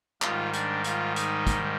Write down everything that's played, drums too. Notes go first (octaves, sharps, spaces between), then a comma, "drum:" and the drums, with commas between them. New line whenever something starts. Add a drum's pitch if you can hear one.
G#2 D#3 G3 F4, drum: clap
D4, drum: hi-hat
F4, drum: hi-hat
D#4, drum: hi-hat
drum: kick, hi-hat